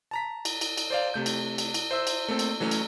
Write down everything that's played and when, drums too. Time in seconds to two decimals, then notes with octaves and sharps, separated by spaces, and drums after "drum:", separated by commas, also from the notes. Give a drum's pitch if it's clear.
0.11 A5 A#5 B6
0.45 drum: cymbal
0.61 drum: cymbal
0.78 drum: cymbal
0.90 C5 D5 F5
1.14 C3 A3 G6
1.26 drum: cymbal
1.58 drum: cymbal
1.74 drum: cymbal
1.91 C5 E5 E6
2.07 drum: cymbal
2.28 A3 A#3 C4 A4
2.39 drum: cymbal
2.60 E3 F#3 A3 C#4
2.71 drum: cymbal